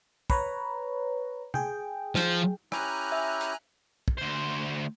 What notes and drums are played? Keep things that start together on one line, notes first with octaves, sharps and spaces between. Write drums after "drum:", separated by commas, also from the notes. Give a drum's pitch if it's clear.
B4 C#5 A#5, drum: kick
G#4 G5, drum: tom
F3, drum: snare
C#4 E4 G4 G#5 A#5 F#6, drum: rim click
E5
drum: hi-hat
drum: kick
D2 C5